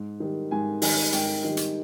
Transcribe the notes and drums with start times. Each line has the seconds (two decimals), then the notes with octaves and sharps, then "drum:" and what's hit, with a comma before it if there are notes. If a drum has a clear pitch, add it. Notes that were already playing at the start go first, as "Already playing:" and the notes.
Already playing: G#2
0.20 D#3 G3
0.51 G#2 G#5
0.82 D#3 G3 G#5, drum: open hi-hat
1.12 G#2 G5, drum: hi-hat
1.44 D#3 G3
1.57 drum: hi-hat